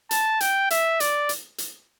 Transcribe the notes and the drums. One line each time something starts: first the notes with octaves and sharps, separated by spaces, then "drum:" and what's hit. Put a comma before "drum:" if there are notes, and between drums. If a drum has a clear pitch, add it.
A5, drum: hi-hat
G5, drum: hi-hat
E5, drum: hi-hat
D5, drum: hi-hat
drum: hi-hat
drum: hi-hat